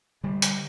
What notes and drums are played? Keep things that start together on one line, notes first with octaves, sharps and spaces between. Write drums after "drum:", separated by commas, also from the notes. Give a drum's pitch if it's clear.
D3 G3
drum: hi-hat